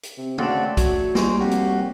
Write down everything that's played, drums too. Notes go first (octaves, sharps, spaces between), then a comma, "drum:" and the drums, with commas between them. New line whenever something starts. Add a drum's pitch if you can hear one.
drum: hi-hat
C3
C#3 A3 C4 D4 F#4 D5, drum: tom
F#3 C#5, drum: kick B1, hi-hat
G3 G#3 A#3 C#4, drum: snare
F1 F#4 G4
drum: hi-hat